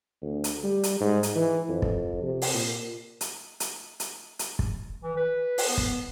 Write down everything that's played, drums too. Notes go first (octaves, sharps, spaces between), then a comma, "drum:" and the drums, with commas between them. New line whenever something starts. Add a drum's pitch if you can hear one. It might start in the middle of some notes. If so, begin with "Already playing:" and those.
D2
drum: hi-hat
G3
drum: hi-hat
G#2
drum: hi-hat
E3
F2
drum: kick
C3
drum: open hi-hat
A#2
drum: hi-hat
drum: hi-hat
drum: hi-hat
drum: hi-hat
drum: kick
E3
B4
drum: open hi-hat
B3
drum: kick